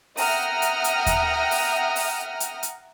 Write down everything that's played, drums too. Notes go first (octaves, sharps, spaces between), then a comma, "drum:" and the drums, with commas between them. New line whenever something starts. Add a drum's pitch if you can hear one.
E5 F#5 G5 A#5 D#6 F6, drum: open hi-hat
drum: hi-hat
drum: hi-hat
drum: kick D#2, hi-hat
drum: open hi-hat
drum: open hi-hat
drum: hi-hat
drum: hi-hat